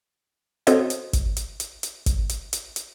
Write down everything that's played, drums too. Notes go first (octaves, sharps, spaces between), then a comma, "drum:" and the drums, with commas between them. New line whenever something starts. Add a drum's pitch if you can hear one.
C4 F#4 A4 C5 C#5 D#5, drum: hi-hat
drum: hi-hat
drum: kick, hi-hat
drum: hi-hat
drum: hi-hat
drum: hi-hat
drum: kick, hi-hat
drum: hi-hat
drum: hi-hat
drum: hi-hat